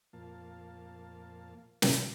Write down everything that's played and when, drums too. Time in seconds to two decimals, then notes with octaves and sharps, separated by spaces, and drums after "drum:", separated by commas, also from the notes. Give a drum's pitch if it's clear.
0.13 F2 A#2 F3 A#3 F5 A5
1.82 drum: snare